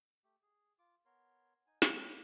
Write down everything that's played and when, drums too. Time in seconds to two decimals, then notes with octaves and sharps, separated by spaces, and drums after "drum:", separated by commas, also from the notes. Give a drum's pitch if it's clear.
0.24 A3 G4
0.42 G#4
0.79 F4 D6
1.05 B3 A#4 C#5 C6
1.67 D#4 G#5
1.82 F#4 C5 D#5 F5, drum: snare